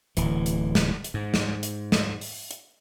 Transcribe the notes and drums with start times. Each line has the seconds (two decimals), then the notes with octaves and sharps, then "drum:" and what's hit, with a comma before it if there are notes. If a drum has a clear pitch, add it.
0.17 D1 E3, drum: hi-hat
0.46 drum: hi-hat
0.75 drum: snare
1.04 drum: hi-hat
1.14 G#2
1.34 drum: snare
1.63 drum: hi-hat
1.92 drum: snare
2.21 drum: open hi-hat
2.51 drum: hi-hat